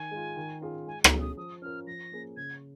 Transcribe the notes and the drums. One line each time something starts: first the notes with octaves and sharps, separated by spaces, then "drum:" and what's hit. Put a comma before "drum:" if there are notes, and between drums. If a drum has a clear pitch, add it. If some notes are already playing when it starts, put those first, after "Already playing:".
Already playing: D#3 G#5
G#3 F4
D#3
C#4 F4 G#4
G#3 G#5
A#5, drum: rim click
C#4 G#4
D#6
F3 D#6
C#4 F4 A#4 F6
F3 A#6
A#3 C#4 G#4
C#3 G#6